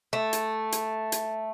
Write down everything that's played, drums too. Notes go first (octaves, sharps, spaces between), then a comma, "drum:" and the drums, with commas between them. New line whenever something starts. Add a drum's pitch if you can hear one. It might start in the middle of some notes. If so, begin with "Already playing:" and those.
A3
drum: hi-hat
drum: hi-hat
drum: hi-hat